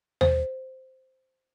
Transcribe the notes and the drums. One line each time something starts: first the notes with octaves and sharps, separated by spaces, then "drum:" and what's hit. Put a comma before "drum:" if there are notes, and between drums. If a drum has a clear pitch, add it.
C5, drum: tom D#2